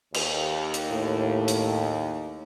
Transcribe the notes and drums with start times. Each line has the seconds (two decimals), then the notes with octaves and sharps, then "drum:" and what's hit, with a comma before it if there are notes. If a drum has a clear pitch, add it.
0.14 D#2, drum: cymbal
0.74 drum: hi-hat
0.91 A2
1.48 drum: hi-hat